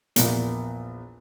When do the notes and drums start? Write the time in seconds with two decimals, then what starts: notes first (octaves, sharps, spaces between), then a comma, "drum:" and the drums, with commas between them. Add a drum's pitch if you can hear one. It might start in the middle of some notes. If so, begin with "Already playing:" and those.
0.16 A#1 E2 A#2, drum: hi-hat